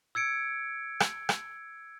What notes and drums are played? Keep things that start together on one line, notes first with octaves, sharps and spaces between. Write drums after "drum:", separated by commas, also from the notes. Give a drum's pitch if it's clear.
E6 G#6 C#7 D7
drum: rim click
drum: rim click